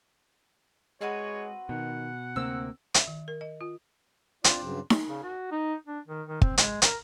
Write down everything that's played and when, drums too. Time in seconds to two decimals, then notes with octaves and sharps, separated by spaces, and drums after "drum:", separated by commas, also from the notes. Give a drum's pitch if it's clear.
1.01 G#3 C4 F#4 B4 C#5
1.69 B2 D#3 F#5
2.36 D2 C3 A#3 C4 E6
2.94 E5, drum: hi-hat
3.07 D#3
3.28 A#4
3.41 D#5
3.61 F4
4.44 C4 D4 F4 D5, drum: hi-hat
4.62 G2 C#3 F#3
4.90 drum: snare D#4
5.09 C#3
5.23 F#4
5.51 D#4
5.87 D4
6.07 D#3
6.28 D#3
6.41 C4, drum: kick
6.58 G#3, drum: hi-hat
6.82 A#4, drum: hi-hat